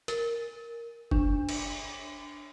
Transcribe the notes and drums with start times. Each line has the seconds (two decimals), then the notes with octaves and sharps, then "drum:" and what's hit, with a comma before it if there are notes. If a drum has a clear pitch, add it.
0.08 A#4, drum: hi-hat
1.11 D4, drum: kick F#1
1.49 drum: cymbal